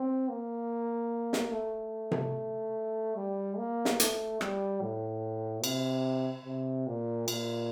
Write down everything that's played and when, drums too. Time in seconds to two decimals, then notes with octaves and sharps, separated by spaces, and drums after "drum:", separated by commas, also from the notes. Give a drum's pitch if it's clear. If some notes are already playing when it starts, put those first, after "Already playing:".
Already playing: C4
0.29 A#3
1.33 drum: snare
1.52 A3
2.11 drum: tom C3
3.16 G3
3.57 A#3
3.85 drum: snare
4.00 A3, drum: hi-hat
4.41 G3, drum: rim click
4.82 A2
5.64 C3, drum: cymbal
6.46 C3
6.87 A#2
7.28 A#2, drum: cymbal